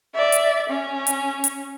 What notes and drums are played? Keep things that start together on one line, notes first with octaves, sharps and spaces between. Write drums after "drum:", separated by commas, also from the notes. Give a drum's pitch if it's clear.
D5 E5
drum: hi-hat
C#4
drum: hi-hat
drum: hi-hat